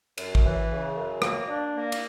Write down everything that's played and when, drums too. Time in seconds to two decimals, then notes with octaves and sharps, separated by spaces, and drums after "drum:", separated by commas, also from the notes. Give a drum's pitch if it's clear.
0.18 F#2, drum: cymbal
0.35 drum: kick A1
0.44 E3
0.70 C#3
0.96 F#2
1.22 A#3, drum: rim click
1.48 D4
1.75 A#3
1.92 drum: cymbal